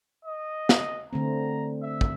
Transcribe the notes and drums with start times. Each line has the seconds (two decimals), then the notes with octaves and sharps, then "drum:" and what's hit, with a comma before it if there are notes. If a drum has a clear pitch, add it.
0.25 D#5
0.69 drum: snare
1.13 D3 A3 C4 A#5
1.82 E5
2.01 drum: kick